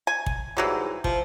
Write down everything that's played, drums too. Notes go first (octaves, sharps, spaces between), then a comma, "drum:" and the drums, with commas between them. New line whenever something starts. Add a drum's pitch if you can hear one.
G#5
drum: kick
G#2 E3 F#3 G3
F3, drum: kick